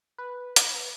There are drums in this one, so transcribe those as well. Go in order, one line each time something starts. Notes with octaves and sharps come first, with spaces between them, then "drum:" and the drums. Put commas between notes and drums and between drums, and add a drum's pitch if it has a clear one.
B4
drum: hi-hat